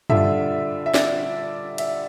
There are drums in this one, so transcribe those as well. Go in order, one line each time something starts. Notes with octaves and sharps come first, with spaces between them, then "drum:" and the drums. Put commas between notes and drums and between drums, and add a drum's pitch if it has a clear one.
D3 G3 D4 F4 E5, drum: tom F#2
E5
D5, drum: snare
E5, drum: cymbal